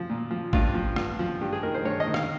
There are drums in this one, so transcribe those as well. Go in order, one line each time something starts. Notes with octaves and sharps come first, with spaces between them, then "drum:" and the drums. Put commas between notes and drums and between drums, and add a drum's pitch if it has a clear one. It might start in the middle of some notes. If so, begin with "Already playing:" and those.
Already playing: F3
A#2
F3
G2 F4, drum: kick
F3
G2, drum: rim click
F3
G2 G4
G#4
D#3 A#4
C5
G2 C#5
D#5
D#3
F5, drum: rim click